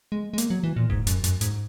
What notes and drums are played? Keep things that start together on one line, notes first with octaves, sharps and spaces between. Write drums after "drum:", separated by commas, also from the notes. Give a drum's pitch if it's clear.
G#3
G#3
A#3, drum: hi-hat
F#3
E3
A#2
G#2, drum: kick D#1
F#2, drum: hi-hat
F#2, drum: hi-hat
G#2, drum: hi-hat